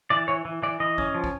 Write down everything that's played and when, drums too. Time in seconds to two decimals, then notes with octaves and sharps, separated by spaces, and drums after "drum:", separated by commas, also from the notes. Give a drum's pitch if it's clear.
0.10 E3 D5
0.28 E3 C#5
0.45 E3
0.63 E3 D5
0.80 E3 D#5
0.98 C#4, drum: kick
1.14 F3
1.24 drum: kick